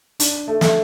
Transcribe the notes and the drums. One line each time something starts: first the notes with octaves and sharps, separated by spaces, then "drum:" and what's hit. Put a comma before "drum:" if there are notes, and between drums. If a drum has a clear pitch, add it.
D4, drum: hi-hat
A3
A3, drum: snare